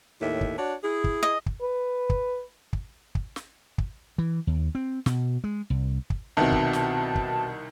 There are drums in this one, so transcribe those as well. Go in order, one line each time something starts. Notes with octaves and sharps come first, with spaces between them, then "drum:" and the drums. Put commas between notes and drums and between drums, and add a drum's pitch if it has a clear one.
D#2 A2 E5
drum: kick
D4 F#4 C#5
E4 G#4
drum: kick
D#5
drum: kick
B4
drum: kick
drum: kick
drum: kick
drum: snare
drum: kick
E3
D#2
C4
B2, drum: snare
G#3
C2
drum: kick
C2 B2 D#3 C4 E5 F#5 A5
drum: kick
drum: snare
drum: kick